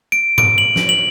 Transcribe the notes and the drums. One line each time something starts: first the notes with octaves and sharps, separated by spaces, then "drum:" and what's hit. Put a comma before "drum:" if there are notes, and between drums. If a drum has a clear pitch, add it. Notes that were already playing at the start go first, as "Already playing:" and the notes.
D7
D7, drum: tom G#2
F#7
drum: snare
F#7